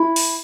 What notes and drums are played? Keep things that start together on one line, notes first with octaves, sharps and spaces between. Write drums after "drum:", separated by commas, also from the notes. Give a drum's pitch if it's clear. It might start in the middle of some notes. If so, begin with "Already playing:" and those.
Already playing: E4 B5
drum: open hi-hat